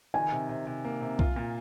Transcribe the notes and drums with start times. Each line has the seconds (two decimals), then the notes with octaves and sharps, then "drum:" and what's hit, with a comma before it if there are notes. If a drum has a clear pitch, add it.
0.14 D#3 G#5
0.32 C3
0.49 C3
0.67 C3
0.85 A#3
1.02 C3
1.19 F4, drum: kick B1
1.36 A#2